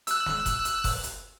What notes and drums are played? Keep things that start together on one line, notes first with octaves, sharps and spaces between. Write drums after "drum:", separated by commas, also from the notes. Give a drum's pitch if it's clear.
E6 F#6, drum: hi-hat
drum: snare
drum: kick F#1, hi-hat
drum: hi-hat
drum: kick F#1, open hi-hat
drum: hi-hat